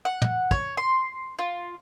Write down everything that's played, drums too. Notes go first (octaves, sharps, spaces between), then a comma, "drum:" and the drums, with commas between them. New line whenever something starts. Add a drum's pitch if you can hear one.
F#5
drum: tom
C#5, drum: kick
C6
F4